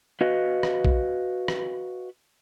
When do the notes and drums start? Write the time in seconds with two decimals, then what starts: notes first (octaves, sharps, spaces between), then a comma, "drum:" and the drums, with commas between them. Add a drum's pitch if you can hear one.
0.21 F#4 B4 D#5 F5
0.63 drum: rim click
0.85 drum: kick
1.48 drum: rim click